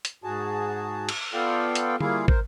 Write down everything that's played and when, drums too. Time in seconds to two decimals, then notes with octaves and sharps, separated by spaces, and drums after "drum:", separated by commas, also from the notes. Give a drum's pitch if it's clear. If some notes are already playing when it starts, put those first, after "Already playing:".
0.05 drum: hi-hat
0.24 G#2 F#4 G#4 A5
1.09 drum: cymbal
1.33 B3 F4 A4 D5 F5 G5
1.75 drum: hi-hat
2.00 G3 A#3 E4 F4 G#4 F5, drum: tom D3
2.28 A#4 C5, drum: kick